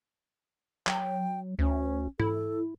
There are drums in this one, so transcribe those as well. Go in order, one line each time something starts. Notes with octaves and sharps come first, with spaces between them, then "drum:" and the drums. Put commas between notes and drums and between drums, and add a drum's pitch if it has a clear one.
F#3 G5, drum: clap
D2 C#4
E4 A4, drum: tom G#2